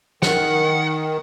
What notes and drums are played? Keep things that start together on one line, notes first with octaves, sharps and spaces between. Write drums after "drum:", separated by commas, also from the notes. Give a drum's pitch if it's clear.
D#3 F#5, drum: snare